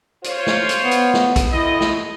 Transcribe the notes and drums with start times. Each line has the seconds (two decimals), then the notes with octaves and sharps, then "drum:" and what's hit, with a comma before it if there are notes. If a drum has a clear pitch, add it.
0.24 F4 C5 C#5, drum: hi-hat
0.47 drum: snare
0.69 drum: hi-hat
0.82 B3
0.91 drum: hi-hat
1.14 drum: snare
1.36 drum: kick, hi-hat
1.52 F2 E4 D#5
1.81 drum: snare